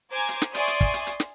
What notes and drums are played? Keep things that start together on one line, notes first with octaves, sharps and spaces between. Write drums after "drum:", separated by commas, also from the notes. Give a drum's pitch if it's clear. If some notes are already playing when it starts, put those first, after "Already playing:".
C5 G#5 A#5 D6 G#6
drum: hi-hat
drum: snare
D5 E5 G#5 C6 C#6 D#6, drum: hi-hat
drum: hi-hat
drum: kick, hi-hat
drum: hi-hat
drum: hi-hat
drum: snare